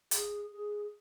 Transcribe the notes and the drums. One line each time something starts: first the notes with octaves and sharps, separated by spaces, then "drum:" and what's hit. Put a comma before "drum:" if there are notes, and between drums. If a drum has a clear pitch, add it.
G#4, drum: hi-hat
G#4